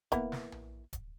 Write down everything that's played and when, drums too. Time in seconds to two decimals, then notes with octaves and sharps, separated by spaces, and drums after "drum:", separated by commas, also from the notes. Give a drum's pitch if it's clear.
0.12 E3 A#3 B3, drum: kick D1, hi-hat
0.32 drum: snare
0.52 drum: tom A#1
0.93 drum: kick D1, hi-hat